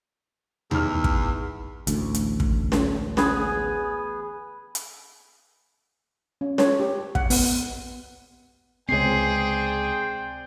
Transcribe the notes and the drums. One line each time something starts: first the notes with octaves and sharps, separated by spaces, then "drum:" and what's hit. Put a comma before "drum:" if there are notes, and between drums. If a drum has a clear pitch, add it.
E2 D#3 F6, drum: tom D#2
drum: kick
A1 D2, drum: hi-hat
drum: hi-hat
drum: kick
drum: snare C#4
B3 G#4, drum: snare C#4
drum: hi-hat
C#4
C#5, drum: snare C#4
G4
F#5, drum: kick
B3, drum: open hi-hat
C#2 C4 G#4 C5 D5 G5 C7